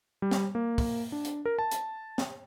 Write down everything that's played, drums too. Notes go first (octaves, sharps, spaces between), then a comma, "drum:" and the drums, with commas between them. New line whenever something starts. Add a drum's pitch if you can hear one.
G3
drum: snare
A#3
drum: kick, open hi-hat
D4
drum: hi-hat
A#4
A5
drum: hi-hat
drum: snare